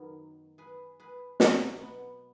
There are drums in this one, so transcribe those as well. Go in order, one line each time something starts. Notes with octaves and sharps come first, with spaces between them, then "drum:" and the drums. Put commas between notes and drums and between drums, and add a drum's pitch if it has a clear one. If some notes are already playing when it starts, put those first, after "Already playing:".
Already playing: F#2 D#3 F#3 B3 D#4
G#4 B4
G#4 B4
B2 F#3 F#4 A#4, drum: snare
B3